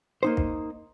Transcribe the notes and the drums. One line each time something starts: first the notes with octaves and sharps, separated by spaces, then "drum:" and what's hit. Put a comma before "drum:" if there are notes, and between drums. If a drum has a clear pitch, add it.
A#3 D#4 C5
drum: kick